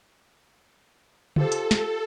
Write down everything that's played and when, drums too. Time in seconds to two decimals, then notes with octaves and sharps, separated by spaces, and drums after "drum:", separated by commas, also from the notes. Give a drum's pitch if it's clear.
1.36 F4 G4 A4 C5, drum: tom C#3
1.52 drum: hi-hat
1.71 drum: snare